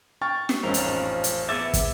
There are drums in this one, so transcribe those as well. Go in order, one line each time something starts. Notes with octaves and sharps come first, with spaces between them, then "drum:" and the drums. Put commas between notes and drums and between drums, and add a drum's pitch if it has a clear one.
G5 C#6 F6 A6
drum: snare
A1 F2 G#2 F3 C#4 A#4
drum: hi-hat
drum: hi-hat
B3 G#4 E5 D6 E6 A6
drum: kick, hi-hat